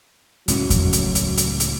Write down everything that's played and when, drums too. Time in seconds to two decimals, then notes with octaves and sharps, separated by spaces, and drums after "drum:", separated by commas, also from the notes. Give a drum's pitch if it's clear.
0.48 C#2 A2 F#3 C#4, drum: hi-hat
0.70 drum: kick E2, hi-hat
0.93 drum: hi-hat
1.15 drum: hi-hat
1.37 drum: hi-hat
1.60 drum: hi-hat